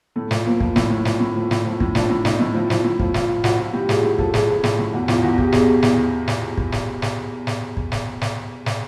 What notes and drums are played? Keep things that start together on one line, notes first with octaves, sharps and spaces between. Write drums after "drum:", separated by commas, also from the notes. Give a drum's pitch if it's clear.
A2 A3
F3, drum: snare
F3 A#3
F3, drum: kick
A2, drum: snare
A2
F3, drum: snare
A2
F3
A2, drum: snare
F3
A2, drum: kick
F3 D4, drum: snare
A2
A2 D#4, drum: snare
A2
F3 E4
F3, drum: snare
A2
F3, drum: kick
F3 F4, drum: snare
F3
F3 F#4, drum: snare
F3
A2 G4
F3 G#4, drum: snare
A2
F3 A4, drum: kick
F3 G#4, drum: snare
F3
A2, drum: snare
A2
E2 F#4
E2 F4, drum: snare
E2 F#4
E2 G4, drum: kick
B2 G#4, drum: snare
B2
E2, drum: snare
drum: snare
drum: kick
drum: snare
drum: snare
drum: snare
drum: kick
drum: snare
drum: snare
drum: snare